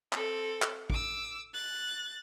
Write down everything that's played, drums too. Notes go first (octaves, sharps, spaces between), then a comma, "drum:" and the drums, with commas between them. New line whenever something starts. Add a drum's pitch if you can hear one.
C4 A4, drum: clap
drum: clap
D6 E6, drum: kick
F#6 A6